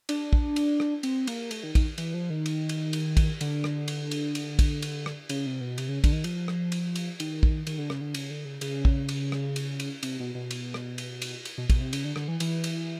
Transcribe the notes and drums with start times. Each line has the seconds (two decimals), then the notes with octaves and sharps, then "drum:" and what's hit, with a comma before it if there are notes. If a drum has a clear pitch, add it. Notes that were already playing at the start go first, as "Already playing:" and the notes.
0.09 D4, drum: cymbal
0.33 drum: kick
0.56 drum: cymbal
0.80 drum: rim click
1.03 C4, drum: cymbal
1.27 A#3, drum: cymbal
1.51 A3, drum: cymbal
1.63 D#3
1.75 D#3, drum: kick, cymbal
1.98 E3, drum: cymbal
2.14 F3
2.30 D#3
2.46 drum: cymbal
2.69 drum: cymbal
2.93 drum: cymbal
3.17 drum: kick, cymbal
3.41 D3, drum: cymbal
3.64 drum: rim click
3.88 drum: cymbal
4.11 drum: cymbal
4.35 drum: cymbal
4.59 drum: kick, cymbal
4.82 drum: cymbal
5.06 drum: rim click
5.29 C#3, drum: cymbal
5.46 C3
5.61 B2
5.78 C3, drum: cymbal
5.88 C#3
6.04 D3, drum: kick, cymbal
6.12 D#3
6.24 F3, drum: cymbal
6.48 drum: rim click
6.72 drum: cymbal
6.96 drum: cymbal
7.20 D#3, drum: cymbal
7.43 drum: kick
7.67 D#3, drum: cymbal
7.78 D3
7.90 C#3, drum: rim click
8.01 D3
8.14 C#3, drum: cymbal
8.30 D3
8.45 C#3
8.61 C#3, drum: cymbal
8.85 drum: kick
9.09 drum: cymbal
9.32 drum: rim click
9.56 drum: cymbal
9.80 drum: cymbal
10.03 C3, drum: cymbal
10.20 B2
10.35 B2
10.51 drum: cymbal
10.74 drum: rim click
10.98 drum: cymbal
11.22 drum: cymbal
11.45 drum: cymbal
11.58 B2
11.70 B2, drum: kick, cymbal
11.81 C3
11.93 C#3, drum: cymbal
12.05 D3
12.16 D3, drum: rim click
12.28 E3
12.40 E3, drum: cymbal
12.64 drum: cymbal